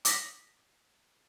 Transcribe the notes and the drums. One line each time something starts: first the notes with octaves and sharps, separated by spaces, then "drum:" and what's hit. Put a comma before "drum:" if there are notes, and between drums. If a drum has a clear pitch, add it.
D6 D#6 A#6 B6, drum: hi-hat